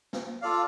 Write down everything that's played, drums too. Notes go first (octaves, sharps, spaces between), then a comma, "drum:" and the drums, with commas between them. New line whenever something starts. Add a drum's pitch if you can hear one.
drum: snare
F4 A4 D5 F5